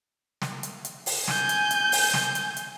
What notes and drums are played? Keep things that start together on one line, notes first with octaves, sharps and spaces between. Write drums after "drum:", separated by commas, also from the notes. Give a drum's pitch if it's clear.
drum: snare
drum: hi-hat
drum: hi-hat
drum: open hi-hat
G#5 G6, drum: snare
drum: hi-hat
drum: hi-hat
drum: open hi-hat
drum: snare
drum: hi-hat
drum: hi-hat